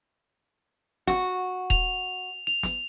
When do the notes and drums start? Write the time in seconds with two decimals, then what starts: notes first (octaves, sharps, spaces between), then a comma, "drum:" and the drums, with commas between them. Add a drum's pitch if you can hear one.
1.07 F#4, drum: snare
1.70 F7, drum: kick D#1
2.47 F7
2.63 drum: snare